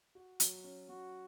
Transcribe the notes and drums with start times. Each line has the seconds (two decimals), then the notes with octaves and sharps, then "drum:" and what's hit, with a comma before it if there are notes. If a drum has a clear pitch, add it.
0.15 F#4
0.40 F#3, drum: hi-hat
0.64 C#4
0.89 F#3 F#4